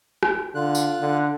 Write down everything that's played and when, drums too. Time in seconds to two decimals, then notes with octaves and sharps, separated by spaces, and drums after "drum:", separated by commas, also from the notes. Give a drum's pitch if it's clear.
0.23 drum: rim click
0.55 D3 F4 F#6
0.75 drum: tambourine
1.01 D3